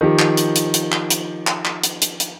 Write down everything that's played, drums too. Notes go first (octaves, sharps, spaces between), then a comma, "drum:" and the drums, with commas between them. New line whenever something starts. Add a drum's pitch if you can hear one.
D#3 F3 G4
drum: clap
drum: hi-hat
drum: hi-hat
drum: hi-hat
drum: clap
drum: hi-hat
drum: clap
drum: clap
drum: hi-hat
drum: hi-hat
drum: hi-hat